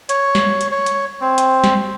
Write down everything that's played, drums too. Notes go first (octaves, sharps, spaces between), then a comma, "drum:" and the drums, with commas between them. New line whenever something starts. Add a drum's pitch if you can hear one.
C#5, drum: hi-hat
drum: snare
drum: hi-hat
C#5
drum: hi-hat
C4
drum: hi-hat
drum: snare